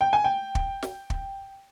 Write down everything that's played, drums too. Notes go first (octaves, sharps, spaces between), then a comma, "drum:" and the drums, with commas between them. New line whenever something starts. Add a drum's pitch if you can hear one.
G5
G#5
G5
drum: kick
drum: snare
drum: kick